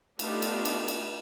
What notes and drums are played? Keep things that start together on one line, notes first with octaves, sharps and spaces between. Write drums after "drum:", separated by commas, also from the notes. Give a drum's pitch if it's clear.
A3 B3 D4 D#4 F4 G4, drum: cymbal
drum: cymbal
drum: cymbal
drum: cymbal